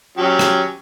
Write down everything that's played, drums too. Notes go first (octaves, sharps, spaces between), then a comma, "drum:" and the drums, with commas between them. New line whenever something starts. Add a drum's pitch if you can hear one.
F#3 C#4 G4
drum: rim click